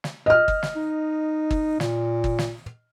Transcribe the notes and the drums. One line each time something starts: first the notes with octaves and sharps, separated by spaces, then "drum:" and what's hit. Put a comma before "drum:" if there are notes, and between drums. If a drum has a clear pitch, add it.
drum: snare
D#5 F6
drum: kick G1
drum: snare
D#4
drum: kick G1
A#2, drum: snare
drum: kick G1
drum: snare